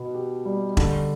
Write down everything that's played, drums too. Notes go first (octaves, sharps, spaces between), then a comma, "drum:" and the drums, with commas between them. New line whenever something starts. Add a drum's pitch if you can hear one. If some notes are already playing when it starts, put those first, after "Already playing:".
Already playing: B2 B3
G4
G3
D3, drum: kick E1